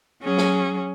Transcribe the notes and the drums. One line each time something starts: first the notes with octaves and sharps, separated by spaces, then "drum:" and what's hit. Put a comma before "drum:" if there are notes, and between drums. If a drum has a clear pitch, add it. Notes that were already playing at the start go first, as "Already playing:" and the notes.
F#3 C#4 G#4
drum: snare